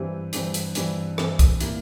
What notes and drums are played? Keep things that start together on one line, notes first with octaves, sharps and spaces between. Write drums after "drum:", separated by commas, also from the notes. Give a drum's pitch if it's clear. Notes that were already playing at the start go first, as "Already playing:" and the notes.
Already playing: G2 E3 G3 C4
G2 E3 G3 C4, drum: hi-hat
drum: hi-hat
G2 E3 G3 C4, drum: hi-hat
G2 E3 G3 C4, drum: rim click
drum: kick C2, hi-hat
A#2 G3 A#3 E4, drum: hi-hat